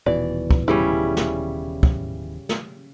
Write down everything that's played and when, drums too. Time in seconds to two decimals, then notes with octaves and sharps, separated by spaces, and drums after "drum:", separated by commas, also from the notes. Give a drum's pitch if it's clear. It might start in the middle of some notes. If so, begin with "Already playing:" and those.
0.06 D#1 B2 E3 D5
0.51 drum: kick
0.68 C#3 G3 C#4 E4
1.17 drum: snare
1.83 drum: kick
2.49 drum: snare